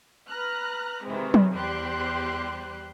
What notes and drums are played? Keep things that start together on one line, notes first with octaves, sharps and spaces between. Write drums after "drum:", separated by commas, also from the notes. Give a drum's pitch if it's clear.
B4 A#5 F6 F#6
C3 D#3 E3 G#3 C4
drum: tom F#3
E2 G3 G4 C5 C6 F#6